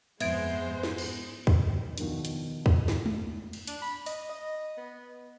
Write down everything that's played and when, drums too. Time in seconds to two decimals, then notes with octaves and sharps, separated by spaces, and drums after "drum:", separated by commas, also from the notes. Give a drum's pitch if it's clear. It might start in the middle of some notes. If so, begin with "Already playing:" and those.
0.20 F2 G#2 G#3 B3 C5 E5 G#6 D7, drum: cymbal
0.83 drum: snare
0.98 drum: cymbal
1.47 drum: kick
1.98 B2 D#3 F3 D4, drum: hi-hat
2.25 drum: hi-hat
2.66 drum: kick
2.88 drum: snare
3.06 drum: tom
3.53 drum: cymbal
3.67 D4, drum: hi-hat
3.82 B5
4.06 D#5, drum: open hi-hat
4.29 D#5
4.77 B3